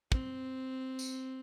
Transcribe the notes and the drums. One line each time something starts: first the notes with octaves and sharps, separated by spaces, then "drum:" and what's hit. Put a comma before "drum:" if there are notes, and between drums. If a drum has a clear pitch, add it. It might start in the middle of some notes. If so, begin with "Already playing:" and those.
C4, drum: kick
drum: tambourine